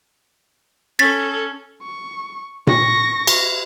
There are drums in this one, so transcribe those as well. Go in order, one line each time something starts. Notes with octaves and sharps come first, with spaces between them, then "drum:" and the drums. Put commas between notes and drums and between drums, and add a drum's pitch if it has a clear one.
C#4 A4 A6 B6
C#6
C#6 A#6, drum: tom A#2
drum: cymbal